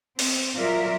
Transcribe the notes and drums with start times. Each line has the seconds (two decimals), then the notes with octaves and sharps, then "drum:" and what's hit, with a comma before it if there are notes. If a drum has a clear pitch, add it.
0.19 C4, drum: open hi-hat
0.56 F#3 F4 A#4 D5 E5